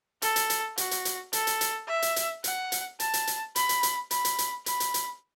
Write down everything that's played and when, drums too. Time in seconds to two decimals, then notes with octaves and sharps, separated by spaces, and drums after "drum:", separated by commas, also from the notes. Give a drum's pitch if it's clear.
0.22 A4, drum: hi-hat
0.36 drum: hi-hat
0.50 drum: hi-hat
0.78 F#4, drum: hi-hat
0.91 drum: hi-hat
1.05 drum: hi-hat
1.33 A4, drum: hi-hat
1.47 drum: hi-hat
1.61 drum: hi-hat
1.88 E5
2.02 drum: hi-hat
2.16 drum: hi-hat
2.44 F#5, drum: hi-hat
2.72 drum: hi-hat
3.00 A5, drum: hi-hat
3.14 drum: hi-hat
3.27 drum: hi-hat
3.56 B5, drum: hi-hat
3.69 drum: hi-hat
3.83 drum: hi-hat
4.11 B5, drum: hi-hat
4.25 drum: hi-hat
4.39 drum: hi-hat
4.66 B5, drum: hi-hat
4.80 drum: hi-hat
4.94 drum: hi-hat